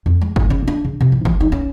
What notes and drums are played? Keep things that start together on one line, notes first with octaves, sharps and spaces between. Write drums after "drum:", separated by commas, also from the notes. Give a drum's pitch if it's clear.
F2
G#3
G#1, drum: kick F#1
C#3
D4
C#3
C3
A1
E3, drum: kick F#1
D#4
C#4